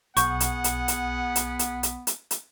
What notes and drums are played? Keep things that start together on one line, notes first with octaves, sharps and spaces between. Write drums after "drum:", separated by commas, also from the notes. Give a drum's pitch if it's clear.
B1 B3 G#4 F#5 C#6 G6, drum: hi-hat
drum: hi-hat
drum: hi-hat
drum: hi-hat
drum: hi-hat
drum: hi-hat
drum: hi-hat
drum: hi-hat
drum: hi-hat